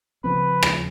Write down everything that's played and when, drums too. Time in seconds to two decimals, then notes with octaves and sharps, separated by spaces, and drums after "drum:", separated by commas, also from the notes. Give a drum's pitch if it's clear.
0.24 C#3 F3 C4 B4
0.63 drum: rim click